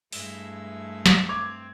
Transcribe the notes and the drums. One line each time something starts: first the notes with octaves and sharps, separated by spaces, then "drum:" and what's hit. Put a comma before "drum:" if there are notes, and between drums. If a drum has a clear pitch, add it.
G2 G#3 A3 E4 E6, drum: open hi-hat
drum: snare
C4 D6 G#6 F7